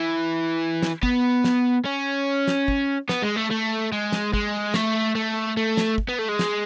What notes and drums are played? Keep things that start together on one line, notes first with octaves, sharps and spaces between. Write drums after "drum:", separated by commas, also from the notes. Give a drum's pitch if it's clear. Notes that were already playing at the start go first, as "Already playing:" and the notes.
Already playing: E3
drum: snare
B3, drum: kick
drum: snare
C#4
drum: snare
drum: kick
B3, drum: snare
G#3
A3
A3
G#3
drum: snare
G#3, drum: kick
A3, drum: snare
A3
A3
drum: snare
drum: kick
B3
A3
G#3
drum: snare